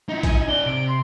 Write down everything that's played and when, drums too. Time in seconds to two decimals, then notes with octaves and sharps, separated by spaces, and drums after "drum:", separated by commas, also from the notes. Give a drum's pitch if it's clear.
0.09 D#4 E4
0.23 G#5, drum: kick, hi-hat
0.48 D#4 D5 G7
0.66 C3 D7
0.87 C6